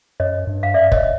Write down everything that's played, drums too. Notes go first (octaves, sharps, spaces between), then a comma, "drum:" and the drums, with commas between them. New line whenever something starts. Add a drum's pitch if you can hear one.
F#2 C#5 D#5
G2
F5
F#2 D5 E5
C#5 D#5, drum: kick